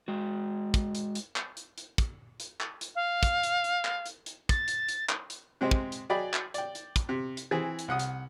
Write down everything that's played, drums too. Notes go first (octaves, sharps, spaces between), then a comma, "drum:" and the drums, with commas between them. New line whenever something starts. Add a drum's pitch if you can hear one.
G#3 F#4
drum: kick, hi-hat
drum: hi-hat
drum: hi-hat
drum: clap
drum: hi-hat
drum: hi-hat
drum: kick, hi-hat
drum: hi-hat
drum: clap
drum: hi-hat
F5
drum: kick, hi-hat
drum: hi-hat
drum: hi-hat
drum: clap
drum: hi-hat
drum: hi-hat
A6, drum: kick, hi-hat
drum: hi-hat
drum: hi-hat
drum: clap
drum: hi-hat
C3 G#3 C4
drum: kick
drum: hi-hat
F#3 G#4 D5 D#5 G5 B5
drum: clap
D5 G5, drum: hi-hat
drum: hi-hat
drum: kick, hi-hat
C3
drum: hi-hat
E3 C4 G#4
drum: hi-hat
C2 F#5 D#6
drum: hi-hat